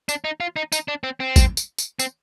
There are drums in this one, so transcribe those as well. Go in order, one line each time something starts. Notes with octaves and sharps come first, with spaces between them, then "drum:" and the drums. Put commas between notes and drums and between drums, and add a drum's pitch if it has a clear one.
D4, drum: tambourine
D#4
F4
D#4
D#4, drum: tambourine
D4
C4
C4
drum: kick A1, tambourine
drum: tambourine
drum: tambourine
C4, drum: tambourine